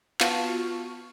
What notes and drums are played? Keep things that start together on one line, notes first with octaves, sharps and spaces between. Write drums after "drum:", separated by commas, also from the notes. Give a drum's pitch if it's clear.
B3 F4 F#4 A5 C#6 F6, drum: clap